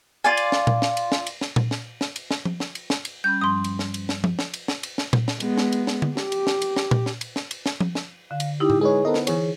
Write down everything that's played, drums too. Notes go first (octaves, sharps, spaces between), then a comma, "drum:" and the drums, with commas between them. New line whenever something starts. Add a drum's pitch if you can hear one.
F4 D5 G#5
drum: cymbal
drum: snare
drum: tom A#2
drum: snare
drum: cymbal
drum: snare
drum: cymbal
drum: snare
drum: tom A#2
drum: snare
drum: snare
drum: cymbal
drum: snare
drum: tom F3
drum: snare
drum: cymbal
drum: snare
drum: cymbal
G3 C#4 B5 G6
G2 F3 G3 C6 D#6
drum: cymbal
drum: snare
drum: cymbal
drum: snare
drum: tom F3
drum: snare
drum: cymbal
drum: snare
drum: cymbal
drum: snare
drum: tom A#2
drum: snare
G#3 B3, drum: cymbal
drum: snare
drum: cymbal
drum: snare
drum: tom D3
G4, drum: snare
drum: cymbal
drum: snare
drum: cymbal
drum: snare
drum: tom A#2
drum: snare
drum: cymbal
drum: snare
drum: cymbal
drum: snare
drum: tom F3
drum: snare
D3 F5
drum: cymbal
D#4 E4 G4
drum: tom A2
G#3 G#4 B4 C#5 D5
B3 A4 A#4 C5 D#5
drum: snare
E3 G#4 C#5, drum: cymbal